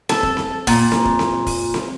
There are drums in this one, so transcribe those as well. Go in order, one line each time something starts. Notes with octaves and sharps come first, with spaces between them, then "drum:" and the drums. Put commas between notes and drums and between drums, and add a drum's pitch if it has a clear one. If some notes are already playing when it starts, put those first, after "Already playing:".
A4, drum: snare C4
drum: kick
drum: snare C4
A#2, drum: kick, open hi-hat
drum: snare C4
drum: kick
drum: snare C4
drum: kick, open hi-hat
drum: snare C4